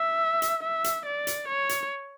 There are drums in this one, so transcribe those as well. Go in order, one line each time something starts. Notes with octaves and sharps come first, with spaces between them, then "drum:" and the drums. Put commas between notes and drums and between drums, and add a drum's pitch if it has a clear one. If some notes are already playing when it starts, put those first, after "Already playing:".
Already playing: E5
drum: hi-hat
E5
drum: hi-hat
D5
drum: hi-hat
C#5
drum: hi-hat